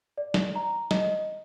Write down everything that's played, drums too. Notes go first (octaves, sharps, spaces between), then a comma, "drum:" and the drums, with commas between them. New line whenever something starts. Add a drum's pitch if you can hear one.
D5
drum: snare
A#5
D#5, drum: snare